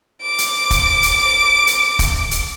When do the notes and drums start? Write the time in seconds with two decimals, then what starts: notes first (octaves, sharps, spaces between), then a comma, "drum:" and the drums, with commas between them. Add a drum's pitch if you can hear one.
0.22 D6 D7
0.38 drum: hi-hat
0.71 drum: kick, hi-hat
1.03 drum: hi-hat
1.67 drum: hi-hat
1.99 drum: kick, hi-hat
2.31 drum: hi-hat